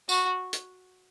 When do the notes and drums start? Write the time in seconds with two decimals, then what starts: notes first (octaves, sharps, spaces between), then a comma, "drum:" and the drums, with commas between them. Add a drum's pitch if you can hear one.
0.09 F#4, drum: tambourine
0.53 drum: hi-hat